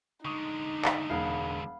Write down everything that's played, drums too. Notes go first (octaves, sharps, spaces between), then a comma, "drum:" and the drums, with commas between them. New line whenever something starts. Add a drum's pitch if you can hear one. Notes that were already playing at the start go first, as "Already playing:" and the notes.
D3 G#3 D#4 C#6 D#6
drum: clap
E1 F5 F#5 B5